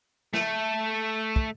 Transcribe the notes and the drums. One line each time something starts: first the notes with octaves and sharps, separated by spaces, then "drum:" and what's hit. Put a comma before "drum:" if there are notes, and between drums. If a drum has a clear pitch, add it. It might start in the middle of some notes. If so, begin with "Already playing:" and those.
A3, drum: snare
drum: kick